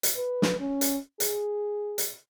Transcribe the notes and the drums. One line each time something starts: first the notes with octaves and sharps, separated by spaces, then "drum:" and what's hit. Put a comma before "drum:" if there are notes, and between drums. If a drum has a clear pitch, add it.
drum: hi-hat
B4
drum: snare
C#4
drum: hi-hat
G#4, drum: hi-hat
drum: hi-hat